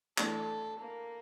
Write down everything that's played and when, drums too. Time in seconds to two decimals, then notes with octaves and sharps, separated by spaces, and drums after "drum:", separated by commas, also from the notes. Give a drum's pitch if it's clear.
0.18 E3 A3 D4 A4, drum: clap
0.79 A#3